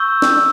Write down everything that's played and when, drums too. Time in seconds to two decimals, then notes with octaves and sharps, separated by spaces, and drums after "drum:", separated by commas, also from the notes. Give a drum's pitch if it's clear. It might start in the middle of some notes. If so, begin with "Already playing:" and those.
Already playing: C#6 E6 G6
0.22 drum: snare